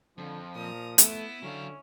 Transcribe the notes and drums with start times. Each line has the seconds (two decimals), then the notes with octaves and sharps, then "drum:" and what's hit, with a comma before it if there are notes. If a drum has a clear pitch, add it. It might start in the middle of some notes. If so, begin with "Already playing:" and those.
0.18 F2 D3 F3
0.55 A#2 A#5 D#6
0.98 A3 B3 E4, drum: hi-hat
1.43 D3 F#3 C#4 F5